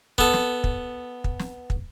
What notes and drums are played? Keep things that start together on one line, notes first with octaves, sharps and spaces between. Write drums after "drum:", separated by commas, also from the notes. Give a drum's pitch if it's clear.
B3 A4, drum: kick
drum: snare
drum: kick
drum: kick
drum: snare
drum: kick